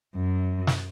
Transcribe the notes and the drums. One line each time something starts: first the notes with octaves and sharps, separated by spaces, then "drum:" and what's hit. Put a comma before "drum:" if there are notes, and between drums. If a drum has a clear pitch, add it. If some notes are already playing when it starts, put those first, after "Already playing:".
F#2
drum: snare